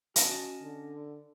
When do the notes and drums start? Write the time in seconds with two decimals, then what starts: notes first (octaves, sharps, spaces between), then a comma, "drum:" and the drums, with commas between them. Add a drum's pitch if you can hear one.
0.16 C#4 F#4 D#5 A5, drum: hi-hat
0.61 D3